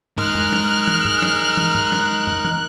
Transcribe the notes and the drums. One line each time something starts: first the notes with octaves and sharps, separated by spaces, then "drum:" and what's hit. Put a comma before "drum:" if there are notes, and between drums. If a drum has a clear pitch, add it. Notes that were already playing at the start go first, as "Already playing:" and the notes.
G#3 D#4 A#4 D#5 F6 F#6, drum: tom
drum: tom
drum: snare
drum: tom
drum: tom
drum: snare
drum: tom
drum: tom
drum: snare
drum: tom
drum: tom